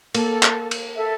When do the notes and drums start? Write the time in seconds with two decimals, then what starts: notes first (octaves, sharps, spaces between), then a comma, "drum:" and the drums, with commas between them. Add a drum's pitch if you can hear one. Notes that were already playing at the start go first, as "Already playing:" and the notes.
0.14 A#3 A4, drum: cymbal
0.43 drum: clap
0.71 drum: cymbal
0.96 A4 E5